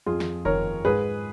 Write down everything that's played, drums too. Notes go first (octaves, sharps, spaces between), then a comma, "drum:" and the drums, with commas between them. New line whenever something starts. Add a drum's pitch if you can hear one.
F2 F4 G#4
drum: snare
D#3 A#4 C#5, drum: kick F1
G#2 G#4 B4